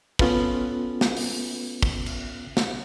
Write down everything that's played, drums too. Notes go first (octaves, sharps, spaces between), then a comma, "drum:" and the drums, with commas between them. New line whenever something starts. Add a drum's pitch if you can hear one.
B3 C#4 F4 A4 B4, drum: kick
drum: snare
drum: open hi-hat
drum: kick
drum: cymbal
drum: snare